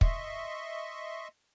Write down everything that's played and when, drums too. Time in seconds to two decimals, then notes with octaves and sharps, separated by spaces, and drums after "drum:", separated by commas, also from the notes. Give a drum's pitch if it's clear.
0.01 D#5 E5 C6 C#6, drum: kick